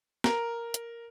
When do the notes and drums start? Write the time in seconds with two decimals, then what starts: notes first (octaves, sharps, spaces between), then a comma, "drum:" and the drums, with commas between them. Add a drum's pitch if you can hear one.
0.24 A#4, drum: snare
0.74 drum: hi-hat